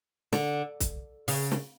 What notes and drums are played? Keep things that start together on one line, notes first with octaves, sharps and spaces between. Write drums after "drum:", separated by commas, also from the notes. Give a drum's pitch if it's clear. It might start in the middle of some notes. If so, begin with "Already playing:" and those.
D3, drum: snare
drum: kick, hi-hat
C#3, drum: open hi-hat
drum: snare